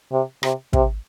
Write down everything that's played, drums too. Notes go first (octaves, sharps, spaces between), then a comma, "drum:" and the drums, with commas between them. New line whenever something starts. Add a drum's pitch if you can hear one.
C3
C3, drum: rim click
C3, drum: kick